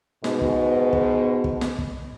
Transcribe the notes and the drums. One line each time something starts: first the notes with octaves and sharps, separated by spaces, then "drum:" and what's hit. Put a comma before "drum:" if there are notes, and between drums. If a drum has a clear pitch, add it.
G#2 B2, drum: snare
drum: kick
drum: kick
drum: kick
drum: snare
drum: kick